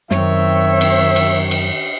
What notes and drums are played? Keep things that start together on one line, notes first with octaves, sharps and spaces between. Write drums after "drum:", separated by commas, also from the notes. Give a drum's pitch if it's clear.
F#2 D#3 C4 C#5 E5, drum: snare
drum: cymbal
drum: cymbal
drum: cymbal